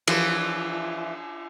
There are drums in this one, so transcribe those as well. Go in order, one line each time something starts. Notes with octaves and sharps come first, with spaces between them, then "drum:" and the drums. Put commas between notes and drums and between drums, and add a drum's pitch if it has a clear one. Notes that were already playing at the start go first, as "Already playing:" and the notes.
E3 F3, drum: cymbal